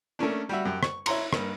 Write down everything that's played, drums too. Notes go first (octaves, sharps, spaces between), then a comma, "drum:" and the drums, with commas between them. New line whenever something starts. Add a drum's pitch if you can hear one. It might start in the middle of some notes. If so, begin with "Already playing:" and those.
A3 A#3 C#4 D4
G3 F#4 E5
F#2 G4
C#6, drum: rim click
E4 C#5 A#5 C6, drum: cymbal
G2 A#3, drum: rim click